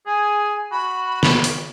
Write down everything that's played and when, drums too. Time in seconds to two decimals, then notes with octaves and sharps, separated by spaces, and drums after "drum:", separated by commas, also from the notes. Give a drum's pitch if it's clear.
0.06 G#4 G#5
0.72 F#4 B5
1.23 drum: snare
1.44 drum: open hi-hat